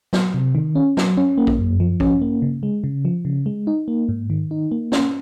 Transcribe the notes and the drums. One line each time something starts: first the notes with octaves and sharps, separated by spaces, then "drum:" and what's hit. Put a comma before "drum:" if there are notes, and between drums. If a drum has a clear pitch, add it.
F#3, drum: snare
C3
D#3
C#4
F#3, drum: snare
C#4
A#3
drum: kick A#1
F#2
F3
C#4, drum: kick A#1
A#3
C#3
G#3
C#3
F3
C#3
G#3
D#4
A#3
G#2
D#3
D#4
A#3
C#4, drum: snare